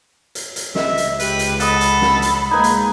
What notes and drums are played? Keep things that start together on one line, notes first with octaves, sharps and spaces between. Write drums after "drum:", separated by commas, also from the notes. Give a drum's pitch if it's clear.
drum: hi-hat
drum: hi-hat
C#2 D#5 E5, drum: snare
drum: hi-hat
G4 B4, drum: hi-hat
drum: hi-hat
A4 D#5 F#5 B5, drum: hi-hat
drum: hi-hat
drum: snare
drum: hi-hat
G#3 A#3 D#4 B4 G#5
drum: hi-hat